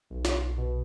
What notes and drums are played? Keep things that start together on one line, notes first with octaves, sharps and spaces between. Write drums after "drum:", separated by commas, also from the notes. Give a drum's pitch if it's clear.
B1
drum: snare
B2